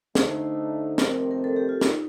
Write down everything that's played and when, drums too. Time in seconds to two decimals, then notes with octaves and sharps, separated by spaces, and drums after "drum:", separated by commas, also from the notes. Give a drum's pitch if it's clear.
0.15 D3 A3 D#4 C5, drum: snare
0.98 F2 C3 D#3 A3 C4 A#4, drum: snare
1.31 A#4
1.44 A4
1.56 G4
1.69 F4
1.81 D#4, drum: snare